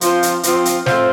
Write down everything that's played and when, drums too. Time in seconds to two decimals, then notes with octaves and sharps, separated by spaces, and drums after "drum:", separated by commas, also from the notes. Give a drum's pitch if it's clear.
0.01 F3 C4 F4 C5, drum: hi-hat
0.23 drum: hi-hat
0.43 F3 C4 F4, drum: hi-hat
0.65 drum: hi-hat
0.86 A2 A3 C4 F4 C5, drum: snare